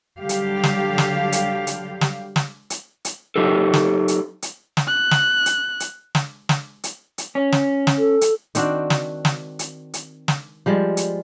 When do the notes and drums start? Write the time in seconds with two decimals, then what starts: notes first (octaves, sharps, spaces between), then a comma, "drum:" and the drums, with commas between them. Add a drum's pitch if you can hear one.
0.20 D3 F#3 G3 G4 F5
0.29 drum: hi-hat
0.64 drum: snare
0.98 drum: snare
1.32 drum: hi-hat
1.67 drum: hi-hat
2.01 drum: snare
2.36 drum: snare
2.70 drum: hi-hat
3.05 drum: hi-hat
3.36 F#3 D#4 G4 A4
3.74 drum: snare
4.08 drum: hi-hat
4.42 drum: hi-hat
4.77 drum: snare
4.87 F#6
5.11 drum: snare
5.46 drum: hi-hat
5.80 drum: hi-hat
6.15 drum: snare
6.49 drum: snare
6.84 drum: hi-hat
7.18 drum: hi-hat
7.35 C#4
7.52 drum: snare
7.87 drum: snare
7.98 A4
8.21 drum: hi-hat
8.55 D#3 C4 D4 F#4, drum: hi-hat
8.90 drum: snare
9.25 drum: snare
9.59 drum: hi-hat
9.94 drum: hi-hat
10.28 drum: snare
10.66 F3 G3 G#3
10.97 drum: hi-hat